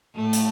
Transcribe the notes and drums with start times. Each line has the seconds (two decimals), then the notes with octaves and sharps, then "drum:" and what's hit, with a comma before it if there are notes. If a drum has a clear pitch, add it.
0.16 A2 A3
0.33 drum: hi-hat